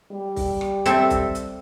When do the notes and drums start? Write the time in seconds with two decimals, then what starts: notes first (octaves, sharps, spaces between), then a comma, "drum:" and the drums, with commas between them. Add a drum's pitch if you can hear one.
0.12 G3
0.36 drum: kick C2, open hi-hat
0.61 drum: rim click
0.86 C4 A4 E5, drum: hi-hat
1.10 drum: kick C2, hi-hat
1.35 drum: hi-hat